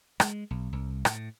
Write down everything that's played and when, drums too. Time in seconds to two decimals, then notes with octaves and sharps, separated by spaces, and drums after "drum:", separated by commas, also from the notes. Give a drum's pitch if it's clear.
0.20 G#3, drum: rim click
0.51 B1
0.73 C2
1.05 A2, drum: rim click